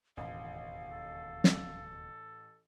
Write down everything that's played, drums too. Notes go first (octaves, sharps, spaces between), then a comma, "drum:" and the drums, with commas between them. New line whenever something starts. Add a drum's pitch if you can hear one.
E1 A1 D#2 D3 F5
A4
drum: snare